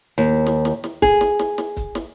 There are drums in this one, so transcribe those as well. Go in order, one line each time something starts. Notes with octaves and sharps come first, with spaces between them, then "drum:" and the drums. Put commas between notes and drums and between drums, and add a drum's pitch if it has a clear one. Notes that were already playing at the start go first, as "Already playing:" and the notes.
D#2
drum: snare
drum: snare
drum: snare
G#4, drum: kick, hi-hat
drum: snare
drum: snare
drum: snare
drum: kick, hi-hat
drum: snare